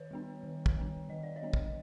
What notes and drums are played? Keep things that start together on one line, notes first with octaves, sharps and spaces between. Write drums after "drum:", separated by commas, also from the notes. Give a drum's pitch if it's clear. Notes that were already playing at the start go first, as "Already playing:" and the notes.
Already playing: D#3 B4 C#5
G3 B3 D4
D#3
drum: kick
G3 B3 D4
D#3 D#5
D5
C#5 D#5
G3 B3 D4
drum: kick